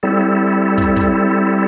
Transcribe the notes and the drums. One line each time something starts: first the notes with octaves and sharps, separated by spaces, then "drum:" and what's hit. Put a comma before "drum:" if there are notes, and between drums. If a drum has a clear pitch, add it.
G3 C4 E4 A4
drum: kick
drum: kick